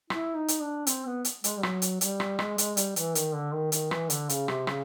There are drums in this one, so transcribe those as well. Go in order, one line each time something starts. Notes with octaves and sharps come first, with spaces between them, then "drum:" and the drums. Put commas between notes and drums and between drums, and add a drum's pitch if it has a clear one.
E4, drum: rim click
D#4
drum: hi-hat
D4
C4, drum: hi-hat
B3
drum: hi-hat
G#3, drum: hi-hat
G3
F#3, drum: rim click
drum: hi-hat
G3, drum: hi-hat
drum: rim click
G#3, drum: rim click
G#3, drum: hi-hat
G3, drum: hi-hat
E3, drum: hi-hat
D#3, drum: hi-hat
D3
D#3
D#3, drum: hi-hat
E3, drum: rim click
D3, drum: hi-hat
C#3, drum: hi-hat
C3, drum: rim click
C#3, drum: rim click